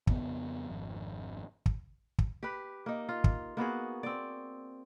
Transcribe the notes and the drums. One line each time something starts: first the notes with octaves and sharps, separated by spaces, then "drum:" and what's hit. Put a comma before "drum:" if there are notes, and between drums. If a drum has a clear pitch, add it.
F2 C#3 B3, drum: kick
G#1 F2
drum: kick
drum: kick
G4 B4
A#3 D#4
F4
drum: kick
A#3 B3 F#4 G#4
C4 D5